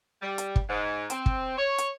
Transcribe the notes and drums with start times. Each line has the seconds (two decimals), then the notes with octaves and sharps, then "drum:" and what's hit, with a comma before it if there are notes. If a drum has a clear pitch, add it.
0.21 G3
0.38 drum: hi-hat
0.56 drum: kick
0.69 G#2
1.10 C4, drum: hi-hat
1.26 drum: kick
1.57 C#5
1.78 drum: hi-hat